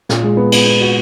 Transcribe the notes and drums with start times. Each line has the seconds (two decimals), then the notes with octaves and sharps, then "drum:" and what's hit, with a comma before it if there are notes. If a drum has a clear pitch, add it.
0.09 A#2, drum: snare
0.23 G#3
0.37 B3
0.52 B3, drum: cymbal
0.66 B3
0.81 F#4